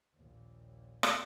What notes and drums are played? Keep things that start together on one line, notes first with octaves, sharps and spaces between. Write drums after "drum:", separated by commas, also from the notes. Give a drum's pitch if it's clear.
A#1 D#2
drum: rim click